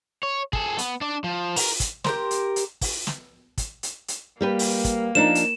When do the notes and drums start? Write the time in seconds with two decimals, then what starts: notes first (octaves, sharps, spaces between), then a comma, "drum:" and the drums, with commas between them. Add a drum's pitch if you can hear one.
0.23 C#5
0.53 G#4 A4, drum: kick
0.78 B3, drum: hi-hat
1.01 D4 D5
1.24 F3
1.56 A#4, drum: open hi-hat
1.80 drum: kick, hi-hat
2.04 G4 A#4 C5, drum: snare
2.31 drum: hi-hat
2.56 drum: hi-hat
2.81 drum: kick, open hi-hat
3.07 drum: snare
3.58 drum: kick, hi-hat
3.83 drum: hi-hat
4.08 drum: hi-hat
4.41 G3 A#3 G4 B4
4.59 drum: open hi-hat
4.84 drum: kick, hi-hat
5.15 F3 D4 D#4 E7
5.35 drum: hi-hat